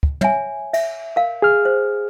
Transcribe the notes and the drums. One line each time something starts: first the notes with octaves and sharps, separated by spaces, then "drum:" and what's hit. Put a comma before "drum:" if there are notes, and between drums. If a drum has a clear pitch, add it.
drum: kick
C#5 E5 G#5, drum: tom
E5, drum: cymbal
A#4 F5
G#4 F6
C5